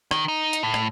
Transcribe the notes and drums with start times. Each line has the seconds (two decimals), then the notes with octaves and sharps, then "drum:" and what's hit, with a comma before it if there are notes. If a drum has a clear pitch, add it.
0.11 D#3, drum: rim click
0.28 D#4
0.53 drum: hi-hat
0.63 A2
0.74 drum: rim click